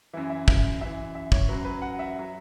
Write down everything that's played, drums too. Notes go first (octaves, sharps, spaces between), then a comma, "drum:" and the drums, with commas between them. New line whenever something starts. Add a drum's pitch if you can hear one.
F#2 E3 E4
E5
E5, drum: kick
F#2 E3 E5
E5
C#5, drum: kick
F#2 F#3 B4
B4
F#5
E5
F#3